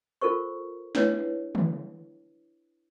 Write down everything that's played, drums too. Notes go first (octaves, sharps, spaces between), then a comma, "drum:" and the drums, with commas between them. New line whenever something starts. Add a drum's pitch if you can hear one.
F4 A4 A#4 C5 C#6
D4 E4 B4 C#5, drum: snare
drum: tom